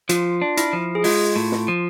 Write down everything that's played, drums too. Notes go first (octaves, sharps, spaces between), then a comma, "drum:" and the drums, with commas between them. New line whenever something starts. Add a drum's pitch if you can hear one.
F3 F4, drum: hi-hat
D4
E4, drum: hi-hat
F3
G#4
G#3 F4, drum: open hi-hat
A2
drum: snare
F3